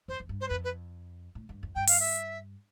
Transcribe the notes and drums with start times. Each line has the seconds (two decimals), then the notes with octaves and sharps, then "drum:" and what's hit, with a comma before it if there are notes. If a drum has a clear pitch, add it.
0.08 F2 C5
0.20 F2
0.29 G2
0.41 C5
0.48 F2 B4
0.64 B4
1.35 A2
1.49 G2
1.63 F2
1.75 G2 G5
1.87 F5, drum: open hi-hat
2.00 E5